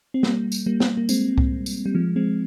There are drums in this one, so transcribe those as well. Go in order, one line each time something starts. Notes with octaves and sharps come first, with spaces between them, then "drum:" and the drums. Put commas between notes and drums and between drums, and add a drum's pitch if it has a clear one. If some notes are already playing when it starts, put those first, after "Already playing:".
C4
G3 A#3, drum: snare
drum: tambourine
G3 A#3
drum: snare
A#3
G#3 C4, drum: tambourine
drum: kick C2
drum: tambourine
G3
F3 G#3
G#3 C4